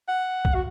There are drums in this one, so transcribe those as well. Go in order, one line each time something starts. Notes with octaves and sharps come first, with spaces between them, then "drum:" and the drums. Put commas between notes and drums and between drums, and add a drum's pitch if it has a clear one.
F#5
drum: kick B1
F#4